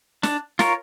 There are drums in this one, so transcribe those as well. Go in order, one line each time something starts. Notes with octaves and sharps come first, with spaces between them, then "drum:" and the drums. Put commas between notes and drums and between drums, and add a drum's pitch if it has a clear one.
D4, drum: snare
F4 A#4 C#5, drum: snare